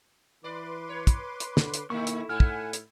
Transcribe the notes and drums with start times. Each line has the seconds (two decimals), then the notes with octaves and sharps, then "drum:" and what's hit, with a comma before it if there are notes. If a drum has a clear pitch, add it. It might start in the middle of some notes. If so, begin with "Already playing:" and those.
0.44 E3 B4 D5 C6 D6
0.89 C#5
1.07 drum: kick, hi-hat
1.40 drum: hi-hat
1.57 D3, drum: snare
1.74 drum: hi-hat
1.90 B2 D#3 A3 A#3 E4 C#6
2.07 drum: hi-hat
2.29 A2 A3 E4 F#5 G#5 F6
2.40 drum: kick
2.73 drum: hi-hat